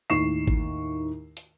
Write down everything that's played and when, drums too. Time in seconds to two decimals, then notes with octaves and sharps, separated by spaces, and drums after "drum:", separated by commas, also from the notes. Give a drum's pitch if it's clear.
0.10 D#2 A2 D#3 C#6 C7 E7
0.48 drum: kick G#1
1.37 drum: hi-hat